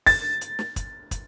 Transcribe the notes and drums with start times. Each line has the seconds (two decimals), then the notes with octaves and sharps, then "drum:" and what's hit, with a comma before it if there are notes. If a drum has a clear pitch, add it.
0.07 A6, drum: kick, open hi-hat
0.41 drum: hi-hat
0.59 drum: snare
0.76 drum: kick, hi-hat
1.11 drum: kick, hi-hat